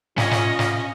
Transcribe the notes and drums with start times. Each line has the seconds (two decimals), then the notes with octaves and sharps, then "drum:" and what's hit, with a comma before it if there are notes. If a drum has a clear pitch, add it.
0.18 C#4 F4 D#5 G#5, drum: snare
0.31 drum: snare
0.59 drum: snare